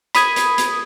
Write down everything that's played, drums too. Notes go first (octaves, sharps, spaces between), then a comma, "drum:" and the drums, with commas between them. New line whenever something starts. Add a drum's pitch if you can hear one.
B5 D#6 G#6, drum: hi-hat
drum: hi-hat
drum: hi-hat